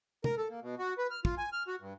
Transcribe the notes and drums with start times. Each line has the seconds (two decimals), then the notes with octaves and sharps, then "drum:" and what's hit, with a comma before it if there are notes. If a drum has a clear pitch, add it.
0.24 A#4, drum: tom
0.38 A4
0.50 A#3
0.62 B2
0.79 F#4
0.98 B4
1.11 F6
1.25 F4, drum: kick
1.38 G#5
1.53 F6
1.67 F#4
1.81 G2